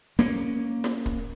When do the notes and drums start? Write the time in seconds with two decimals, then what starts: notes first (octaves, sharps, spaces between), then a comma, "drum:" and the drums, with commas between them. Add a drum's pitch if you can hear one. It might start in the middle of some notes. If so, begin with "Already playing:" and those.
0.19 A#3 C#4, drum: snare
0.84 drum: snare
1.06 drum: kick